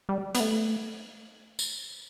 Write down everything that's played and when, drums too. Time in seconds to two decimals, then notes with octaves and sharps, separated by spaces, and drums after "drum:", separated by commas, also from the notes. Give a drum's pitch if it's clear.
0.09 G3
0.35 B3, drum: hi-hat
0.40 A3
1.59 drum: tambourine